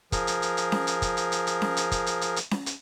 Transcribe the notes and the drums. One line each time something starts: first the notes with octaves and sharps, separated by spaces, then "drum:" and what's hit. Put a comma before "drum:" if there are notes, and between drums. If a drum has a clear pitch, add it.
F3 G#4 A#4, drum: kick, hi-hat
drum: hi-hat
drum: hi-hat
drum: hi-hat
drum: snare C#4
drum: hi-hat
drum: kick, hi-hat
drum: hi-hat
drum: hi-hat
drum: hi-hat
drum: snare C#4
drum: hi-hat
drum: kick, hi-hat
drum: hi-hat
drum: hi-hat
drum: hi-hat
drum: snare C#4
drum: hi-hat